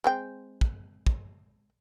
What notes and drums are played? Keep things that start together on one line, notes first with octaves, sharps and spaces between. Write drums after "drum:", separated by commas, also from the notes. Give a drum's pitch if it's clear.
G#3 C4 G5
drum: kick
drum: kick